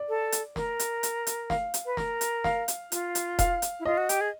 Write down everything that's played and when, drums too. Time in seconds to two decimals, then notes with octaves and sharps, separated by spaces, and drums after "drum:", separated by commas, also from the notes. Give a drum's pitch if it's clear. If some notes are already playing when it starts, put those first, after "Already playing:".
Already playing: D5
0.09 A4
0.32 drum: hi-hat
0.56 A#4, drum: snare
0.79 drum: hi-hat
1.03 drum: hi-hat
1.27 drum: hi-hat
1.50 F5, drum: snare
1.74 drum: hi-hat
1.86 B4
1.97 A#4, drum: snare
2.21 drum: hi-hat
2.44 F5, drum: snare
2.68 drum: hi-hat
2.92 F4, drum: hi-hat
3.15 drum: hi-hat
3.39 F5, drum: kick E1, hi-hat
3.62 drum: hi-hat
3.80 E4
3.85 F4 D#5
3.98 F#4
4.09 G4, drum: hi-hat
4.21 G#4